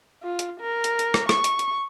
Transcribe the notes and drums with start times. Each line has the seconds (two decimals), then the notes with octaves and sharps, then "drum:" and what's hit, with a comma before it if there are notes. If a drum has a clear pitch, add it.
0.23 F4
0.39 drum: hi-hat
0.60 A#4
0.84 drum: hi-hat
0.99 drum: hi-hat
1.14 drum: rim click
1.29 C#6, drum: rim click
1.44 drum: hi-hat
1.59 drum: hi-hat